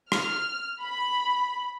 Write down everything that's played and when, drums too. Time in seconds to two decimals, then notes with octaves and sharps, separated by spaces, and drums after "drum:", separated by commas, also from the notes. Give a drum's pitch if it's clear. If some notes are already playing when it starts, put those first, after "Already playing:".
0.12 F6, drum: rim click
0.81 B5